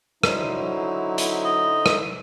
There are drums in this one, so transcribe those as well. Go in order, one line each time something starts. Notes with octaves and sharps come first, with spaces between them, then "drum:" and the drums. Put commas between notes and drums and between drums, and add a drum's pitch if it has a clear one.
D3 F#3 D#4 E4 C5, drum: rim click
drum: hi-hat
D#5
drum: rim click